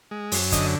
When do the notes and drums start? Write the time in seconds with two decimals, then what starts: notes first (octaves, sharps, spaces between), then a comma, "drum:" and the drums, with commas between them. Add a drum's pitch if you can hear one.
0.11 G#3
0.32 F#2, drum: open hi-hat
0.52 D3 D#5, drum: kick, hi-hat